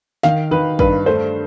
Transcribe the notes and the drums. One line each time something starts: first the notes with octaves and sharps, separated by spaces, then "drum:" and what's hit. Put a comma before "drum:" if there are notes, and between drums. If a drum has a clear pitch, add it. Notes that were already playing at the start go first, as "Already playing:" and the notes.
D#3 F5, drum: snare
D#3 B4
G2 B4, drum: kick
A3 C5